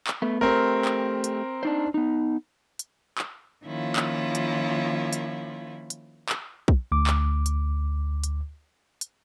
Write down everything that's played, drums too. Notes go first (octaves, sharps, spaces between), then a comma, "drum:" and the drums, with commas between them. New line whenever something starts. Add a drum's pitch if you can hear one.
drum: clap
A3 B3
A3 C4 G4 A#4
drum: clap
drum: hi-hat
D4 D#4 C5
B3 D#4
drum: hi-hat
drum: clap
D#3 F3 A#3 C#4 E4 F4
drum: clap
drum: hi-hat
drum: hi-hat
drum: hi-hat
drum: clap
drum: kick
D2 D6
drum: clap
drum: hi-hat
drum: hi-hat
drum: hi-hat